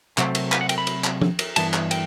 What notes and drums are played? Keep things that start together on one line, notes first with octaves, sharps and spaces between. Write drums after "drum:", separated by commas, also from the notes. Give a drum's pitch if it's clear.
C3 F#3 A3 C4, drum: clap
drum: cymbal
B4, drum: clap
F#5
G5, drum: cymbal
B5
drum: cymbal
drum: clap
drum: tom F3
drum: cymbal
G2 E3 B3 A5, drum: cymbal
drum: clap
G5, drum: cymbal